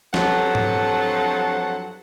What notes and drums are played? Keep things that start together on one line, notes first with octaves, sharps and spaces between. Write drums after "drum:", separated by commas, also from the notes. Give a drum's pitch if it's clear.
G2 F3 F#3 C4 A4 F#5, drum: snare
drum: tom G#2